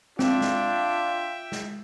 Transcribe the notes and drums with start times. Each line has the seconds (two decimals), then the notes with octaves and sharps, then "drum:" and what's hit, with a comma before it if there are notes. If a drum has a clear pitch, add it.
0.19 C4 D4 F4 E5 G5, drum: snare
0.41 drum: snare
1.52 drum: snare